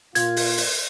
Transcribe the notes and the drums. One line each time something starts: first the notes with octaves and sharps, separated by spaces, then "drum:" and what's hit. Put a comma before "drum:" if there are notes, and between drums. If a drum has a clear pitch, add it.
A#2 F4 G#6, drum: hi-hat
drum: open hi-hat
drum: open hi-hat